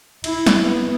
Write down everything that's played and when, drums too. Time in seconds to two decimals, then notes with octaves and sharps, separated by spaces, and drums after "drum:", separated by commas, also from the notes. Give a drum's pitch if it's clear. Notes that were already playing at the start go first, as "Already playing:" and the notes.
0.24 E4, drum: cymbal
0.46 drum: snare
0.64 B3